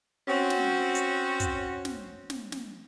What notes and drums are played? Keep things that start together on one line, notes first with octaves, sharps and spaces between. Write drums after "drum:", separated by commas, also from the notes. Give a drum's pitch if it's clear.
C4 C#4 F#4
drum: snare
drum: hi-hat
drum: kick, hi-hat
drum: snare
drum: snare
drum: snare